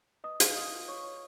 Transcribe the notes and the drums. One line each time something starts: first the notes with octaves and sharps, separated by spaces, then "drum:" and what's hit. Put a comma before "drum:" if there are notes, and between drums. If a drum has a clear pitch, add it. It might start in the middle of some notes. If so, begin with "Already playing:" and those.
B4 D#5 D#6
B4 F5 F6, drum: hi-hat
B4 D#5 D#6
F4
F4 C#5 C#6
B4 C#5 C#6